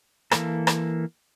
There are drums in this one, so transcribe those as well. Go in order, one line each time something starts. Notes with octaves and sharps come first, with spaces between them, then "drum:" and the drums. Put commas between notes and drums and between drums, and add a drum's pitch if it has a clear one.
E3 A#3 A4, drum: rim click
drum: rim click